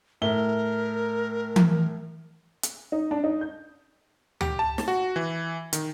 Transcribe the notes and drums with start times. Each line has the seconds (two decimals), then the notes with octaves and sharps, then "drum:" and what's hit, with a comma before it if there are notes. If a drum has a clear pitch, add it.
0.22 A2 A#4 E5 G7
1.56 drum: tom E3
2.63 drum: hi-hat
2.92 D#4
3.11 D4
3.24 D#4
3.41 G6
4.41 G4, drum: tom D2
4.59 A5
4.78 drum: snare
4.88 F#4
5.16 E3
5.73 D#3, drum: hi-hat